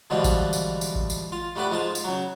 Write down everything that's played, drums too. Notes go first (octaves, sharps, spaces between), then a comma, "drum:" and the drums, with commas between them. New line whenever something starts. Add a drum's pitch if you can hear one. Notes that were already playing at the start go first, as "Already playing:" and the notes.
B2 D3 E3 F3 G3 G#3
drum: kick A1, tambourine
drum: tambourine
drum: tambourine
drum: kick A1
drum: tambourine
F4
G3 A3 B3 D4 B4
G#2 F3 G#3 F4 A5
drum: tambourine
C#3 F#3